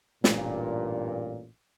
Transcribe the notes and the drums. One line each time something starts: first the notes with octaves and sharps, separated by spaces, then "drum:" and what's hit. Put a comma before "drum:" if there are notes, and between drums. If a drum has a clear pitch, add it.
A1 G2 A#2, drum: snare